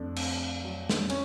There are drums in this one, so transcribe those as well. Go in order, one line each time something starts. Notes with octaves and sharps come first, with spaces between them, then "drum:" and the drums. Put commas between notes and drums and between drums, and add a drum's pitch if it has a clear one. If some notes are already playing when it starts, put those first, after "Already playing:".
Already playing: F2 A3 D4
F2, drum: cymbal
F#3
drum: snare
C#4, drum: cymbal